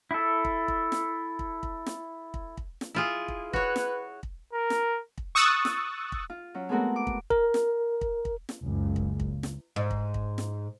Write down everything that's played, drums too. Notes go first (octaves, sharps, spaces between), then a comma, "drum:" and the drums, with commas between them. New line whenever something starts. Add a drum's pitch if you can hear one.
E4 A4
drum: kick
drum: kick
drum: snare
drum: kick
drum: kick
drum: snare
drum: kick
drum: kick
drum: snare
E4 F4 G#4
drum: kick
F#4 B4 C#5, drum: kick
drum: snare
drum: kick
A#4
drum: snare
drum: kick
C#6 D#6 E6 F#6 A6
drum: snare
drum: kick
F4
F#3 C#4
G#3 A3 B3 C4 F#4 A#4
D6
drum: kick
A#4, drum: kick
drum: snare
drum: kick
drum: kick
drum: snare
F#1 C#2
drum: kick
drum: kick
drum: snare
G#2
drum: kick
drum: kick
drum: snare